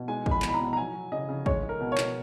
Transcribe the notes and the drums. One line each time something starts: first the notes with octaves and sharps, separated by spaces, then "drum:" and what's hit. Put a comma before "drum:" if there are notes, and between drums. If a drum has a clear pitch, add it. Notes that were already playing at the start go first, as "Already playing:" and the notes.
Already playing: B2
G#3 G#5
G#3, drum: kick
B5
B2, drum: clap
B5
A#5
B2
A#5
F#3 G#5
F#3
C#3 D#5
C#3
G#3 C#5, drum: kick
G#3
A#4
B2
C#5
B2, drum: clap